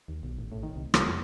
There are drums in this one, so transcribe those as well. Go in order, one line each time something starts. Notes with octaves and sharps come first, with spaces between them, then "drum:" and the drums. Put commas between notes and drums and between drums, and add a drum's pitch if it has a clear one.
D#2
B1
A1
A2
D#3
C2
C2, drum: rim click
F2